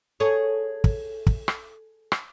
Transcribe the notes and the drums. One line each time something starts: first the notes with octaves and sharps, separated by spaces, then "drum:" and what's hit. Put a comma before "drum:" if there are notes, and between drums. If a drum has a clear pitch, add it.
G#4 A4 C#5
drum: kick
drum: kick
drum: rim click
drum: rim click